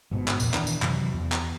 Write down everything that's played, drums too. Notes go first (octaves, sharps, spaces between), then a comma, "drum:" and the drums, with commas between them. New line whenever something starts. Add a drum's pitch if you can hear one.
G1 G#2 B2
drum: clap
E2 A#2, drum: tambourine
D#1 D#3 E3 D4, drum: clap
drum: tambourine
F#2 C3 E3, drum: clap
E2
drum: clap